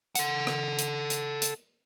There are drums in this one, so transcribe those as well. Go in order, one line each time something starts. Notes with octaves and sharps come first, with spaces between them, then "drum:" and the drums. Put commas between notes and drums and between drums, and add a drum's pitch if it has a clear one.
A4 F#5, drum: hi-hat
drum: rim click
drum: hi-hat
drum: hi-hat
drum: hi-hat